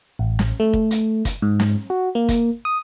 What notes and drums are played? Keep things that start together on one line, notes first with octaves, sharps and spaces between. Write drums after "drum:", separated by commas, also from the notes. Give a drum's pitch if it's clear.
A1
drum: snare
A3
drum: kick
drum: hi-hat
drum: kick, hi-hat
G#2
drum: snare
F#4
A#3
drum: kick, hi-hat
D#6